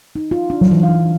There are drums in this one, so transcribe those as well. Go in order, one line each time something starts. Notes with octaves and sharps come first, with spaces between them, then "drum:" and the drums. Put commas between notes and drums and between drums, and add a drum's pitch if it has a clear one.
D#4
F4
D4
drum: tom F#3
E3
F5